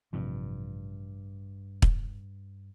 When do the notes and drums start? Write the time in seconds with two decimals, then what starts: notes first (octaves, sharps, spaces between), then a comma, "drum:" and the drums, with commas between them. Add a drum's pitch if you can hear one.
0.13 A1 G2 C3 F3
1.82 drum: kick